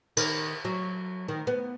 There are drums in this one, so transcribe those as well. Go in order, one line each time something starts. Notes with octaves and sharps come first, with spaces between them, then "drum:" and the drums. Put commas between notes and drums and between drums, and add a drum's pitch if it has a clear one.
D#3, drum: cymbal
F#3
D#3
B3